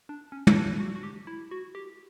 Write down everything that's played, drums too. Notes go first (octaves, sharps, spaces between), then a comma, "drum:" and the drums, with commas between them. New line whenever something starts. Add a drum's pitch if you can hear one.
D4
C#4
drum: tom
D4
F#4
F#4
G4
E4
F#4
G4